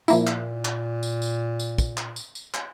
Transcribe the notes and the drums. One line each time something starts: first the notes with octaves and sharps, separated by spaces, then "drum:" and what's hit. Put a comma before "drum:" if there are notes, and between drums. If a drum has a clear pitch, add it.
A#2 F3 A#3 E4, drum: tambourine
drum: clap
drum: clap
drum: tambourine
drum: tambourine
drum: tambourine
drum: kick, tambourine
drum: clap
drum: tambourine
drum: tambourine
drum: clap